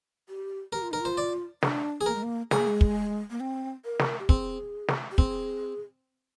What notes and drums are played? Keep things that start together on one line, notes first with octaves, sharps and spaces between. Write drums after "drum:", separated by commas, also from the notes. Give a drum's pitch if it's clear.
G4
G4 A#4
F4
D#4 A#4
F4 C5
D5
D4, drum: snare
G#4
A#3 A#4
G#3
A#3
G#3 G#4, drum: snare
A#3
G#3
drum: kick
A#3
C4
A#4
drum: snare
G4
C4 G#4, drum: kick
drum: snare
G4
C4 G#4, drum: kick